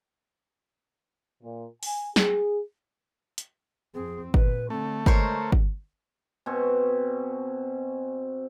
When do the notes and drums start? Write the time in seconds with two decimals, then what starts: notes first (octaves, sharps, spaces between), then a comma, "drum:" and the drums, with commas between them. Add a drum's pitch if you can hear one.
1.43 A#2
1.83 G#5, drum: open hi-hat
2.16 G#4, drum: snare
3.38 drum: hi-hat
3.94 F2 C4 G#4
4.34 A#2 B4, drum: kick G1
4.70 D3 A3 C4
5.06 G#3 A#4 C5 C#5, drum: kick G1
5.52 drum: kick G1
6.46 B2 C4 G#5 C#6